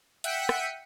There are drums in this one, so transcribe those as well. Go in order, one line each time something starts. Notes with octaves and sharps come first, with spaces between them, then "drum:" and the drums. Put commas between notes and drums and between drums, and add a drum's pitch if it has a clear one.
E5 F#5 G5 B6 C#7 D#7, drum: hi-hat
drum: rim click